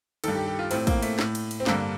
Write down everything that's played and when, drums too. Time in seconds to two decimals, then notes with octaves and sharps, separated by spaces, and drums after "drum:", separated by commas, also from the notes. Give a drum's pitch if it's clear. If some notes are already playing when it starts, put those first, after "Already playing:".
0.24 G2 D#3 A4, drum: cymbal
0.35 G4
0.48 G4
0.59 F4
0.71 A2 C4, drum: cymbal
0.87 A#3, drum: kick, cymbal
1.03 A3, drum: cymbal
1.19 A2, drum: snare
1.35 drum: cymbal
1.51 drum: cymbal
1.60 C4
1.66 G2 D3 A#3, drum: snare